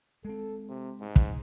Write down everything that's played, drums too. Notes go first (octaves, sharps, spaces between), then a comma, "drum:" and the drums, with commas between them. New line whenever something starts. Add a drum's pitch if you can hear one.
G#3 C4 A4
C3
G#2
drum: kick